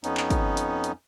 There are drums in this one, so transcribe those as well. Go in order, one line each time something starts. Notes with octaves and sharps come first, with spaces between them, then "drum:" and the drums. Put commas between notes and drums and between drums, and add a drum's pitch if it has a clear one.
F2 B3 C#4 D#4, drum: hi-hat
drum: clap
drum: kick, hi-hat
drum: hi-hat
drum: hi-hat